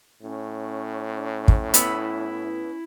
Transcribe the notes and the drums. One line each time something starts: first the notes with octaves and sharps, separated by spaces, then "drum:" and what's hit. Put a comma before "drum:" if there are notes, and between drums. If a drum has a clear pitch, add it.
A2 C#4
drum: kick
B3 E4 B5 E6, drum: hi-hat